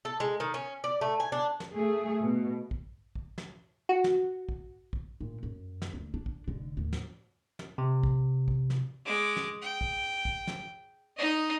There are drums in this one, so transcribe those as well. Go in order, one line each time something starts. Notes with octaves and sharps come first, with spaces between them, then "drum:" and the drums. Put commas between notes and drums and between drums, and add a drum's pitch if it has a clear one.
A4
G#3
D#3
C#4
D5
A3
G#5
D4
drum: snare
A3 G#4
B2
drum: kick A1
drum: kick A1
drum: snare
F#4
drum: snare
drum: kick A1
drum: kick A1
A#2
F#2
drum: snare
D2
D4
drum: kick A1
F1 D3
D#2 A2
drum: snare
drum: snare
C3
drum: kick A1
drum: kick A1
drum: snare
G#3 D6
drum: snare
G5
drum: kick A1
drum: kick A1
drum: snare
D#4 D#5